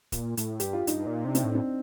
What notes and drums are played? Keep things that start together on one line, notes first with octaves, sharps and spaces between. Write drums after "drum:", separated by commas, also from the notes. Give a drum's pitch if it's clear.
A#2, drum: kick, hi-hat
A2, drum: hi-hat
G2 G4, drum: hi-hat
F4
G2 D#4, drum: hi-hat
A#2
C3 D4
C4, drum: hi-hat
A2
C4